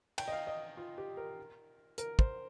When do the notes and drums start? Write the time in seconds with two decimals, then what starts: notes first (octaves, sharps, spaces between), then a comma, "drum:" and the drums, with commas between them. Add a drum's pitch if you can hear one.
0.18 G5, drum: cymbal
0.28 D#5
0.32 F5
0.47 D#5
0.77 F4
0.98 G4
1.17 A#4
1.98 A#4, drum: hi-hat
2.19 C5, drum: kick